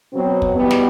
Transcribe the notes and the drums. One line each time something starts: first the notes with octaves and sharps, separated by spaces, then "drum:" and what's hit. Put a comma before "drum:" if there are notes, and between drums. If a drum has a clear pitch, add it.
B2 F#3 B3 C4
drum: kick
E2 B2 G3 B3
drum: snare